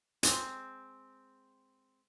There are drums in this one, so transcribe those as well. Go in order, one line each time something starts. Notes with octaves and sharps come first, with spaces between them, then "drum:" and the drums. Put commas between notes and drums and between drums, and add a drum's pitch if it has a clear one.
G#3 C4, drum: hi-hat